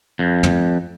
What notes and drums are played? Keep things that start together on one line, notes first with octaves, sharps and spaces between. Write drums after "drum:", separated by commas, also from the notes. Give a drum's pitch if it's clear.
F2
drum: tom